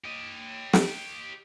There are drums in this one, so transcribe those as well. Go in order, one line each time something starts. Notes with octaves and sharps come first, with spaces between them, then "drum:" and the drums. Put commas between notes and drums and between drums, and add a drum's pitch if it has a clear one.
G4 D#5
drum: snare